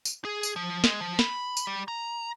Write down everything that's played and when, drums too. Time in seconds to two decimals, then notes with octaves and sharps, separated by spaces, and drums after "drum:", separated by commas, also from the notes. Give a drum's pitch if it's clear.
0.05 drum: tambourine
0.25 G#4
0.43 drum: tambourine
0.56 F3
0.84 G#3, drum: snare
1.00 F3
1.19 B5, drum: snare
1.57 drum: tambourine
1.67 G3
1.88 A#5